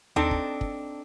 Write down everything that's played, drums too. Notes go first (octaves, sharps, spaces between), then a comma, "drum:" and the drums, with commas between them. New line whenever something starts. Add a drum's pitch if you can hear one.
C4 D4 D#4 A4, drum: tom D#2
drum: kick
drum: kick